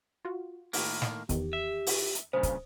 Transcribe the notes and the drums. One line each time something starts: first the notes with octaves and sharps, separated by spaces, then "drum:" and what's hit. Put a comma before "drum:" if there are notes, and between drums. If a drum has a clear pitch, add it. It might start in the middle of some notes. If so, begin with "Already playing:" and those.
F4 F#4
A2 D#3 A#3, drum: open hi-hat
drum: snare
E2 D#3 G4, drum: kick, hi-hat
E5
drum: open hi-hat
drum: hi-hat
G2 A#2 C#3 C5 D#6
drum: kick, hi-hat